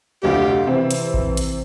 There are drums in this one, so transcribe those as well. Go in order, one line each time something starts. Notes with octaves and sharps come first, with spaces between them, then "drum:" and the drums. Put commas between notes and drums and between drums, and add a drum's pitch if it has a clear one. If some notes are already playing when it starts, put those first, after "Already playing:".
F1 D2 G4 F5
C3 E3 C4
drum: hi-hat
drum: kick A1
drum: hi-hat